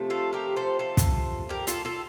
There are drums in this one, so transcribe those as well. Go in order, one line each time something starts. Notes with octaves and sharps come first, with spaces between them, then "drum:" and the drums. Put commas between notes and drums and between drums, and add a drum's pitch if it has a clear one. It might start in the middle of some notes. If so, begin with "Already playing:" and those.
Already playing: C3 F3 A3
F4 A4
G4 A#4
A4 C5
F4 A4
drum: kick, hi-hat
G4 A#4
F4 A4, drum: hi-hat
F4 A4